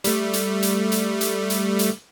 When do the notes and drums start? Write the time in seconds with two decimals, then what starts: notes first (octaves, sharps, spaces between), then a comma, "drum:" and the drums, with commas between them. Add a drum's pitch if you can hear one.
0.04 G3 A3, drum: hi-hat
0.33 drum: hi-hat
0.63 drum: hi-hat
0.92 drum: hi-hat
1.21 drum: hi-hat
1.50 drum: hi-hat
1.79 drum: hi-hat